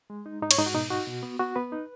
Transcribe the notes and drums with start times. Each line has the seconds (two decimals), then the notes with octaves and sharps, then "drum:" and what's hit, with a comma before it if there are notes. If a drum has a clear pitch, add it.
0.10 G#3
0.26 D#4
0.42 G#2 D#4
0.51 C#5, drum: cymbal
0.59 G#2 D#4
0.66 F#4
0.74 B2 D#4
0.90 D#4 F#4
1.07 B2
1.23 B3
1.39 B3 F#4
1.56 B3 B4
1.72 D#4